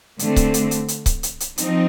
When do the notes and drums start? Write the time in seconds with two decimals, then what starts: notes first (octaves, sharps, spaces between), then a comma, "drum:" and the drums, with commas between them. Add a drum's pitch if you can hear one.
0.19 D3 A3 C4, drum: hi-hat
0.36 drum: kick C#1, hi-hat
0.54 drum: hi-hat
0.71 drum: hi-hat
0.88 drum: hi-hat
1.06 drum: kick C#1, hi-hat
1.23 drum: hi-hat
1.40 drum: hi-hat
1.58 F3 C4 D#4, drum: hi-hat